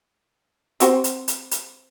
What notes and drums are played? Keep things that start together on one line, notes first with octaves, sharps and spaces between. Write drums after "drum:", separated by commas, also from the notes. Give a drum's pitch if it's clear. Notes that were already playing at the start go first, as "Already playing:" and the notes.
C4 F#4 C5, drum: hi-hat
drum: hi-hat
drum: hi-hat
drum: hi-hat